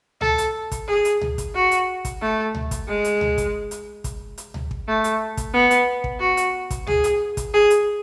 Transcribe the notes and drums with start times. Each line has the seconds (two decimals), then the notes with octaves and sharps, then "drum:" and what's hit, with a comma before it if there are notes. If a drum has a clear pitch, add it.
0.21 A4, drum: tom C#2
0.38 drum: hi-hat
0.72 drum: kick, hi-hat
0.88 G#4
1.05 drum: hi-hat
1.21 drum: tom C#2
1.38 drum: kick, hi-hat
1.55 F#4
1.71 drum: hi-hat
2.05 drum: kick, hi-hat
2.22 A3
2.55 drum: tom C#2
2.71 drum: kick, hi-hat
2.88 G#3
3.04 drum: hi-hat
3.21 drum: tom C#2
3.38 drum: kick, hi-hat
3.71 drum: hi-hat
4.04 drum: kick, hi-hat
4.38 drum: hi-hat
4.54 drum: tom C#2
4.71 drum: kick
4.88 A3
5.04 drum: hi-hat
5.37 drum: kick, hi-hat
5.54 B3
5.71 drum: hi-hat
6.04 drum: kick
6.20 F#4
6.37 drum: hi-hat
6.70 drum: kick, hi-hat
6.87 G#4, drum: tom C#2
7.04 drum: hi-hat
7.37 drum: kick, hi-hat
7.54 G#4
7.70 drum: hi-hat